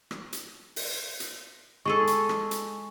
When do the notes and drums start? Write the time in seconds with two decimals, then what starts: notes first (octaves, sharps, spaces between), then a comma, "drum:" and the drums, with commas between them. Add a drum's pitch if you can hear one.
0.11 drum: rim click
0.33 drum: hi-hat
0.76 drum: open hi-hat
1.20 drum: hi-hat
1.86 G#3 G#4 A4 C#6
2.07 drum: hi-hat
2.29 drum: rim click
2.51 drum: hi-hat